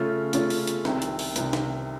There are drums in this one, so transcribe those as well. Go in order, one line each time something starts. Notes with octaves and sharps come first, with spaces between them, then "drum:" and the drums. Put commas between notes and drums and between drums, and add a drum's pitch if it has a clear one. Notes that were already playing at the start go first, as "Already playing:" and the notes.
Already playing: C#3 A3 C#4 F4
C#3 A3 C#4 F4, drum: hi-hat
drum: open hi-hat
drum: hi-hat
C2 C3 D#3, drum: snare
drum: hi-hat
drum: open hi-hat
C2 C3 D#3, drum: hi-hat
drum: snare